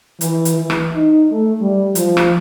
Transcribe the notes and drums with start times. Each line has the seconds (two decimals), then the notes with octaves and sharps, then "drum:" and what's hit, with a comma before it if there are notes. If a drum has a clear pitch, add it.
0.21 E3, drum: hi-hat
0.45 drum: hi-hat
0.56 E3
0.70 drum: rim click
0.95 D#4
1.31 A3
1.61 G3
1.95 F3, drum: hi-hat
2.17 drum: rim click